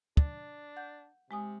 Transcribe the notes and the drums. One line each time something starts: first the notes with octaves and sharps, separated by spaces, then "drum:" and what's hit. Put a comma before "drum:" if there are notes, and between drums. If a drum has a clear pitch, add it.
D4, drum: kick
F#5 G6
C3 G#3 G#5 D#6